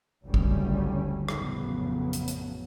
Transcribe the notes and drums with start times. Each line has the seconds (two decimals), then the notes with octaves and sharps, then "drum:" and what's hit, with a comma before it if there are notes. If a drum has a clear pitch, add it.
0.25 F#1 D2 G2 D3 G3 C#4
0.34 drum: kick
1.29 A1 F2 C#3 F#3 B3, drum: rim click
2.13 drum: hi-hat
2.28 drum: hi-hat